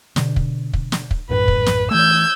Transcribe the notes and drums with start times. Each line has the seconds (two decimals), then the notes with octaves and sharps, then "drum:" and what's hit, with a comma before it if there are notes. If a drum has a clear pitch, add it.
0.16 B2 D3, drum: snare
0.36 drum: kick
0.73 drum: kick
0.92 drum: snare
1.11 drum: kick
1.29 A#1 F#2 A2 B4
1.48 drum: kick
1.66 drum: snare
1.91 E3 A3 E6 G6 G#6